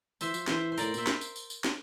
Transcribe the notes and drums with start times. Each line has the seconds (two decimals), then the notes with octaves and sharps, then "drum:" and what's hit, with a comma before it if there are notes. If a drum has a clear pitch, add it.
0.21 E3 C5 E5, drum: tambourine
0.34 F3, drum: tambourine
0.48 E3 C5 E5, drum: snare
0.72 C5
0.78 A2 A#4 D5, drum: tambourine
0.94 A#2 C5 E5, drum: tambourine
1.07 drum: snare
1.21 drum: tambourine
1.36 drum: tambourine
1.50 drum: tambourine
1.64 drum: snare